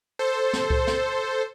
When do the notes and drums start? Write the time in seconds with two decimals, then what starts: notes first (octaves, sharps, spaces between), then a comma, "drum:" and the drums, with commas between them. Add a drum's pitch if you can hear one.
0.19 A4 C5
0.53 drum: snare
0.70 drum: kick C2
0.87 drum: snare